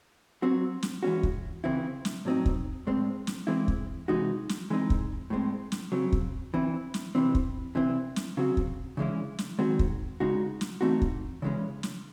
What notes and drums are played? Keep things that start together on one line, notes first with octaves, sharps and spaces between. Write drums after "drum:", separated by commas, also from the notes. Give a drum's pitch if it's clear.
F#3 C4 F#4
drum: snare
E3 G#3 C#4 F#4
drum: kick
C#3 E3 C4 E4
drum: snare
A2 F#3 C4 D#4
drum: kick
A2 G#3 C4
drum: snare
E3 G#3 C4 E4
drum: kick
C3 E3 G#3 D#4 F#4
drum: snare
E3 G#3 C4 D#4
drum: kick
A2 G#3 C4
drum: snare
C#3 F#3 C4
drum: kick
E3 C4 E4
drum: snare
C3 E3 C4
drum: kick
C3 E3 C4 E4
drum: snare
C#3 F#3 C4 F#4
drum: kick
C#3 E3 G#3 C#4 E4
drum: snare
D#3 G#3 C4 F#4
drum: kick
C#3 G#3 D#4 F#4
drum: snare
E3 A3 C4 D#4 F#4
drum: kick
C#3 E3 G#3 C#4
drum: snare